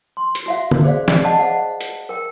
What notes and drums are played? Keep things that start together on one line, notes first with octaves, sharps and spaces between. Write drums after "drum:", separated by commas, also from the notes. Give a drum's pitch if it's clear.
C6
drum: hi-hat
F#4 E5 F5
drum: tom
G#4 C5 D5 F5
drum: snare
D#5 F#5 A5
G#4 C5 F5 F#5
drum: hi-hat
A#4 G5